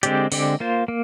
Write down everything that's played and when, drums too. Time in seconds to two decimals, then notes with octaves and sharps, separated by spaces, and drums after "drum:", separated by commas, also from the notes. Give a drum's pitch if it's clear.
0.03 D3 G#3 C4 G4 D5, drum: hi-hat
0.32 D3 G#3 C4 G4 D5, drum: open hi-hat
0.60 A#3 F4 C5
0.88 A#3